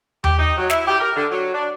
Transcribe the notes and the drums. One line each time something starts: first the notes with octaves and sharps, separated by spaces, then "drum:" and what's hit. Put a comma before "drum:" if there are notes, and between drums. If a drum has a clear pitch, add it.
G4, drum: tom D#2
D#4
F#3
E4, drum: snare
G4
A#4
D3
F#3
D4